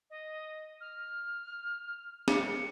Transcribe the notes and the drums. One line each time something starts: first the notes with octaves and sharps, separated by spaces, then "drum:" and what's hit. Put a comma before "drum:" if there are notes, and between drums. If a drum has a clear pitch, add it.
D#5
F6
C#7, drum: snare